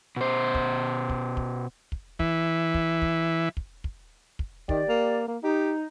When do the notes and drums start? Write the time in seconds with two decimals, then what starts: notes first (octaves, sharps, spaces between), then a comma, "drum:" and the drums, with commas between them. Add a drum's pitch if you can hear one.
0.16 B2 C5
0.55 drum: kick
1.09 drum: kick
1.37 drum: kick
1.92 drum: kick
2.19 E3, drum: kick
2.74 drum: kick
3.02 drum: kick
3.57 drum: kick
3.84 drum: kick
4.39 drum: kick
4.69 D#3 G4 D5, drum: kick
4.89 A#3
5.28 A#3
5.44 D#4 G4